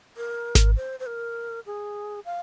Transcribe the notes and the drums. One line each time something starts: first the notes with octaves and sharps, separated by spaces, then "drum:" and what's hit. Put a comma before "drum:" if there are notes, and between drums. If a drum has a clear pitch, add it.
A#4
drum: snare G#1
C5
C5
A#4
G#4
F5